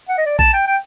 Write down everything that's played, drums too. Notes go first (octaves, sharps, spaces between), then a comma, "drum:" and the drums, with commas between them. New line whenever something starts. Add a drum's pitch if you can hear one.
F#5
D#5
D5
A5, drum: kick A1
G5
G5